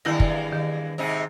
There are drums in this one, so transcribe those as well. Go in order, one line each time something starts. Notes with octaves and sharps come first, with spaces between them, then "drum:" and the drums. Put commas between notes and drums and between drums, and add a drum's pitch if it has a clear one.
E2 G2 D#3 A#3 E4 A#6
drum: kick
D#3
G#2 C3 D#4